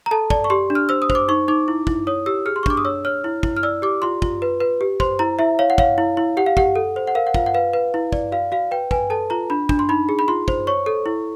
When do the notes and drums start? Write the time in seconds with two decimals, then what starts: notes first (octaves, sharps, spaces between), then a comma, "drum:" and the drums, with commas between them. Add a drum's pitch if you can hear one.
0.06 A#5
0.11 A4 A5
0.30 D5 A5, drum: kick
0.44 C#6
0.50 G4 C6
0.70 D4
0.75 F6
0.89 C5 E6
1.02 D#6
1.10 C5, drum: kick
1.15 D6
1.28 D#4 C#6
1.48 D#4 D6
1.68 E4
1.87 E4, drum: kick
2.07 C#5 D#6
2.26 G4 E6
2.46 G#4 F6
2.56 C6
2.63 C#6
2.66 D4 D6, drum: kick
2.77 D#6
2.85 C#5 E6
3.05 C#5 F6
3.24 E4
3.43 E4, drum: kick
3.57 F6
3.63 D5 E6
3.82 G4 D6
4.02 F4 C6
4.22 F4, drum: kick
4.42 B4
4.60 B4
4.81 G4
5.00 C5 C6, drum: kick
5.19 E4 A#5
5.39 E4 E5
5.59 C#5 F5
5.70 F#5
5.78 C#5 F5, drum: kick
5.98 E4
6.17 E4
6.37 G4 F#5
6.46 F5
6.57 G4 F#5, drum: kick
6.76 A4
6.96 C5
7.07 F#5
7.15 A#4 F5
7.27 F#5
7.34 F4 F5, drum: kick
7.46 F#5
7.54 B4 F5
7.73 B4
7.94 E4
8.12 D5, drum: kick
8.32 F#4 F5
8.52 F#4 F5
8.71 B4 G5
8.91 B4 G#5, drum: kick
9.10 A4 A5
9.30 F4 A#5
9.50 D4 B5
9.69 D4, drum: kick
9.79 C6
9.89 D#4 B5
10.09 G#4
10.19 B5
10.28 F4 C6
10.48 C5, drum: kick
10.67 C#5 C#6
10.86 A4
11.06 E4